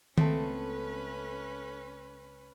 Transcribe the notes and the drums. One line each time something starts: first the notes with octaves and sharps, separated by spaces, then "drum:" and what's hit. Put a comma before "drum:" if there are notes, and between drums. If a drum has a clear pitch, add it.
C#2 A3 A#3 C4 C#4 A4 B4 A5, drum: tom